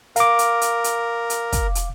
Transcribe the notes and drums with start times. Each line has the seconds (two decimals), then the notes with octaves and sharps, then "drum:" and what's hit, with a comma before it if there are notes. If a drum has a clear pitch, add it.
0.16 A#4 F5 D6, drum: hi-hat
0.39 drum: hi-hat
0.61 drum: hi-hat
0.84 drum: hi-hat
1.30 drum: hi-hat
1.52 drum: kick, hi-hat
1.75 drum: hi-hat